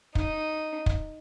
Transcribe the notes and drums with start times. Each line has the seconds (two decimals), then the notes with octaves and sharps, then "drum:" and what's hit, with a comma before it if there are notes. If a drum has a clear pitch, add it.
0.15 D#4, drum: kick
0.86 drum: kick